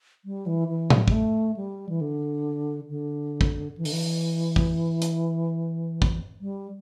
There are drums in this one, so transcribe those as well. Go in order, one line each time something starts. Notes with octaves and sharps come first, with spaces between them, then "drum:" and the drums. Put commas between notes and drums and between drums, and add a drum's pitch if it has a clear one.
G3
E3
E3
G3, drum: tom A2
G3, drum: kick
A3
G3
E3
D3
D3
drum: kick
E3
D3, drum: open hi-hat
E3
drum: kick
drum: hi-hat
drum: kick
G3